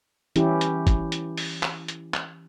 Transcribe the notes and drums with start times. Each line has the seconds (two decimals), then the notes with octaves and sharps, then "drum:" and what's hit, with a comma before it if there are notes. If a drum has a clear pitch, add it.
0.36 E3 C#4 E4 G4, drum: hi-hat
0.61 drum: hi-hat
0.87 drum: kick, hi-hat
1.12 drum: hi-hat
1.38 drum: open hi-hat
1.63 drum: clap
1.88 drum: hi-hat
2.14 drum: clap